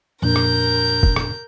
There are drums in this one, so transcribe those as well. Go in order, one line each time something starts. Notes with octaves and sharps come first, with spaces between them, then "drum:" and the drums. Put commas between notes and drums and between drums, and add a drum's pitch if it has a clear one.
F2 A#2 D4 A#4 G6
drum: rim click
drum: kick
drum: rim click